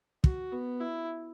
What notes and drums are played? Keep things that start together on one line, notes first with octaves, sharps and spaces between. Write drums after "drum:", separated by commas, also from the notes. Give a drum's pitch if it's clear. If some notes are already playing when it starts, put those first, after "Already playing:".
F#4, drum: kick
B3
E4